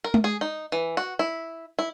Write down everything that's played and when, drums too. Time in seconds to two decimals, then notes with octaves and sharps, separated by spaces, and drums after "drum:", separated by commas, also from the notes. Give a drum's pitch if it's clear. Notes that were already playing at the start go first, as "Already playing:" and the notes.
0.04 A#4
0.14 drum: tom G#3
0.24 G#4
0.41 D#4
0.72 E3
0.97 F#4
1.19 E4
1.79 E4